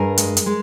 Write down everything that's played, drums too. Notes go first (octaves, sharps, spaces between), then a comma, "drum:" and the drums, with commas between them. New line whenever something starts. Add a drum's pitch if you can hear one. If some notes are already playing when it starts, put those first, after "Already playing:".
Already playing: G2 G#4 A#4
G#3, drum: hi-hat
drum: hi-hat
G#3